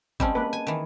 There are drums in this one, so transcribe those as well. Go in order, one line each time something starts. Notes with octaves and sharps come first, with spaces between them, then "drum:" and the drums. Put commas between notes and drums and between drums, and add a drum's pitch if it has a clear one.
G3 G#3 C4 C#4 D#5 A5, drum: kick G1
A#3 B4
G#5
D#3 E3